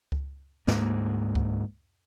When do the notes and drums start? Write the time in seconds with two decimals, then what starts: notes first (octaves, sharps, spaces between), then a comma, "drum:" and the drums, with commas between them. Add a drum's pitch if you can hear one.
0.12 drum: kick C#2
0.67 D2 G#2 A#3, drum: snare
1.35 drum: kick C#2